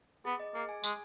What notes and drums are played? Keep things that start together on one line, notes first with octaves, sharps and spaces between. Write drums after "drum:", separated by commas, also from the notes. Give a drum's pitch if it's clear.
B3 G#4
D#5
A#3 G#4
G#5
G#3 G#5, drum: tambourine